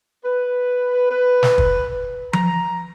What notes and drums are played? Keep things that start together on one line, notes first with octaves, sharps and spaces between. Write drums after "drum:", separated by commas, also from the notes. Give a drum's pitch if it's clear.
B4
B4
drum: snare
drum: kick
A#5, drum: tom F3